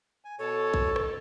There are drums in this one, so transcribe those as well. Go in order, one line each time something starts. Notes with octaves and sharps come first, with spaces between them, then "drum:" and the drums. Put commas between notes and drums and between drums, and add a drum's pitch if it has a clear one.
G#5
B2 A4 C#5
drum: kick
drum: rim click